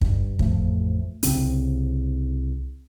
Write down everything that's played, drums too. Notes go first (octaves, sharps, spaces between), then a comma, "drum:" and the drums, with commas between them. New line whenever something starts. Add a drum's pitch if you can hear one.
G2, drum: kick
A1 F2 F3 A3, drum: kick
C2 C#3 C4, drum: hi-hat